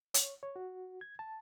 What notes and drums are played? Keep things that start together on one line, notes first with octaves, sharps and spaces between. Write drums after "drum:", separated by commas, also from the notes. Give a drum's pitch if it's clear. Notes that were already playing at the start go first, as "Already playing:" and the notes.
C#5, drum: hi-hat
C#5
F#4
G#6
A5